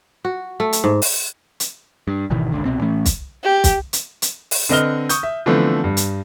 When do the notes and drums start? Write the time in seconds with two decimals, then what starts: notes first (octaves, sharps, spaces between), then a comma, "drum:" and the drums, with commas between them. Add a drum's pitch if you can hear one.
0.25 F#4
0.60 A3
0.73 drum: hi-hat
0.84 G#2
1.02 drum: open hi-hat
1.60 drum: hi-hat
2.08 G2
2.30 G#1 B2 D#3 E3
2.52 G#1 C#2 D3
2.65 C2 B2 C4
2.81 A2 E3 A3 C#4
3.06 drum: kick, hi-hat
3.44 G4
3.64 drum: kick, hi-hat
3.93 drum: hi-hat
4.22 drum: hi-hat
4.51 drum: open hi-hat
4.69 D3 C4 B4 D#5 F6 G7
5.09 C#6 D#6 G6, drum: hi-hat
5.23 E5
5.46 D3 E3 F3 A3 B3 C4
5.84 G2
5.97 drum: hi-hat